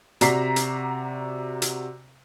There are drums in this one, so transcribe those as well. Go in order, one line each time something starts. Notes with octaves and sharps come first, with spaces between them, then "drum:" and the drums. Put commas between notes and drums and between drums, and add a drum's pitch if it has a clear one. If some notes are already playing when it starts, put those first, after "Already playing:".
C3 F#4 D5 A#5 B6 C7, drum: hi-hat
drum: hi-hat
drum: hi-hat